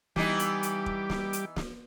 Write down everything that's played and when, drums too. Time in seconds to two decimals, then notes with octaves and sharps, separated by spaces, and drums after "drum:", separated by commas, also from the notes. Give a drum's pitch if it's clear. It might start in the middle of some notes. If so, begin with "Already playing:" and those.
0.16 E3 G3 B3 D#4 G4 D6, drum: snare
0.39 drum: hi-hat
0.63 drum: hi-hat
0.86 drum: kick F1
1.10 drum: snare
1.33 drum: hi-hat
1.56 drum: snare